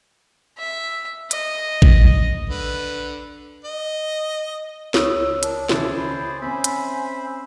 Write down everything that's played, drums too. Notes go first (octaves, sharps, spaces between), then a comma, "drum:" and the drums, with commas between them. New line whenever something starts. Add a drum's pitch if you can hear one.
E5
D#5, drum: hi-hat
drum: kick A1
D3 B4
D#5
C#2 C#5 D#6 E6, drum: snare
D4 A#4, drum: hi-hat
D#2 C#3 G#4 C5 D5 E5 E6, drum: snare
B5
C4 C#4 C5 E5 G#5 B5
drum: hi-hat